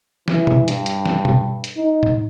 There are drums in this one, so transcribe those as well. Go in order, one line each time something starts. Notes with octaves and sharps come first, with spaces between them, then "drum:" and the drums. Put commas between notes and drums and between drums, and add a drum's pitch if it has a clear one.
E3, drum: snare
drum: tom B2
G2, drum: hi-hat
drum: hi-hat
drum: snare
drum: tom B2
drum: hi-hat
D#4
drum: tom A2